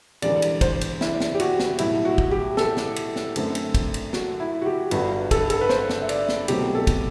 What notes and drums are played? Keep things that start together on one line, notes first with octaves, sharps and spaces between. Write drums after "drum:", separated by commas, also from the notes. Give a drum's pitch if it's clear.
E1 E2 D3 G3 D5, drum: cymbal
drum: cymbal
C5, drum: kick, cymbal
drum: cymbal
E4, drum: snare
drum: snare
G4
F#4, drum: cymbal
drum: snare
B1 A2 G3 E4, drum: cymbal
F#4
drum: kick
G4
A4, drum: snare
drum: snare
drum: cymbal
drum: snare
F#2 D3 A3 C4, drum: cymbal
drum: cymbal
drum: kick, cymbal
drum: cymbal
F#4, drum: snare
E4
F#4
G4
G1 G2 D3 F#4, drum: cymbal
A4, drum: kick, cymbal
A4, drum: cymbal
B4
C5, drum: snare
drum: snare
E5
D5, drum: cymbal
drum: snare
C2 B2 F#3 A3 C4 G4, drum: cymbal
A4
drum: kick, cymbal